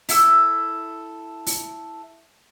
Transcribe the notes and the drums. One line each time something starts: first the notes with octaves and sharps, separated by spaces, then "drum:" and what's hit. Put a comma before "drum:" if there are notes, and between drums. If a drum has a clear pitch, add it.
E4 A4 E6, drum: open hi-hat
drum: open hi-hat